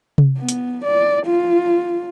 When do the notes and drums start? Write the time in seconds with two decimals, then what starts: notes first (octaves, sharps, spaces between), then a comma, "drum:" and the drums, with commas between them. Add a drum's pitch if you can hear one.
0.18 drum: tom C3
0.39 B3
0.49 drum: hi-hat
0.84 D5
1.26 F4